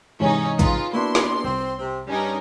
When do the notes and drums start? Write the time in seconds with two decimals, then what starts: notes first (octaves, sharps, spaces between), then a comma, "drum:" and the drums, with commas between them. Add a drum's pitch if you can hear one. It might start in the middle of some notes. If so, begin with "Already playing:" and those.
0.20 G#2 C3 E3 C#4 D#4
0.59 D#4 F4 G#4 B4, drum: kick, hi-hat
0.93 A#3 B3 D4 E4 F#4 C6
1.15 drum: snare
1.44 C2 C4
1.79 C3 C4
2.08 G2 G3 C#4 D#4 A#4